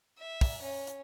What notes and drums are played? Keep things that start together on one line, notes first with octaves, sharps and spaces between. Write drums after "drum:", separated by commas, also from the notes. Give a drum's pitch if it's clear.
E5
drum: kick, open hi-hat
C#4
drum: hi-hat